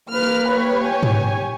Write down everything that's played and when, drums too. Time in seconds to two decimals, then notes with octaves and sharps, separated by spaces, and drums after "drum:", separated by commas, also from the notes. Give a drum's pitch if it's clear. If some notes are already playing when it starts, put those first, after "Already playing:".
0.11 A#3 B4 F6
0.49 G4 C#5
0.85 G#5
1.03 drum: tom G#2